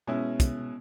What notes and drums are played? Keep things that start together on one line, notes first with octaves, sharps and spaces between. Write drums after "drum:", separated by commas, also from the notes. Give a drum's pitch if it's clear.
B2 G#3 C#4 E4
drum: kick, hi-hat